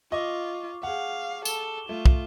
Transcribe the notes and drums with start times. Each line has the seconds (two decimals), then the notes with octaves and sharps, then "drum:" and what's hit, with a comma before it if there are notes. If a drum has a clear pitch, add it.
0.12 F4 D#5 C#6 D6
0.83 G#4 F5 F#5
1.45 A4 E7 G7, drum: tambourine
1.89 A3 F4
2.06 drum: kick